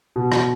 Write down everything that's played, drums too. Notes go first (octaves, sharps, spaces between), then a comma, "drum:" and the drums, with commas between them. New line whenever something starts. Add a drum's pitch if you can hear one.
B2
drum: rim click